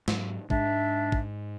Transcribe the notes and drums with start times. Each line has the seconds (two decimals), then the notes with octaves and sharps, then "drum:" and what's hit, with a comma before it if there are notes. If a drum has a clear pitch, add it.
0.08 G#2 F#3, drum: snare
0.50 G#2 G#3 D4 E5, drum: kick
1.12 drum: kick